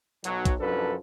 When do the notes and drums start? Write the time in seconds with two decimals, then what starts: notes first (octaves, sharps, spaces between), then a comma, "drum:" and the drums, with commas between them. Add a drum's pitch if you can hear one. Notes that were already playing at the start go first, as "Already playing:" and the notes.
0.24 B1 F#3, drum: hi-hat
0.45 drum: kick, hi-hat
0.59 C2 F#2 F3 D4 A4 B4